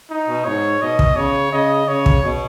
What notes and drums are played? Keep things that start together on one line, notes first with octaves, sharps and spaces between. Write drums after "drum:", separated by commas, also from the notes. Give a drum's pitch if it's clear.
D#4
B2
G#2 C#5
B2 D#5
drum: kick
C#3 C#5
C#3 D#5
C#3 C#5
drum: kick
B2